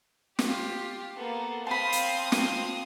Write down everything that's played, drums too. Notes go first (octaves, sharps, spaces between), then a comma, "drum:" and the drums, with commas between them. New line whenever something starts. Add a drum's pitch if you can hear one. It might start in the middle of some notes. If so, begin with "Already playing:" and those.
F4 G4, drum: snare
A#3 B3 A4
C4 F5 A5 B5 C6 D#6
drum: hi-hat
drum: snare